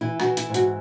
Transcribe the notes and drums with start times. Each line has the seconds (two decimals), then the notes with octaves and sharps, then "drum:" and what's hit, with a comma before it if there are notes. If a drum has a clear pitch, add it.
0.01 E3 E4
0.20 F#4, drum: rim click
0.25 E3
0.37 E4, drum: hi-hat
0.49 G#2
0.54 F#4, drum: hi-hat